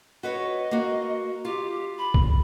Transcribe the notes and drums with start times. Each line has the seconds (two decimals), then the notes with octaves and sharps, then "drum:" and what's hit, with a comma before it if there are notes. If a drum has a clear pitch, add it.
0.23 F#4 B4 C#5 D#5
0.71 A#3 F#4
1.45 F4 G4
1.98 B5
2.14 drum: kick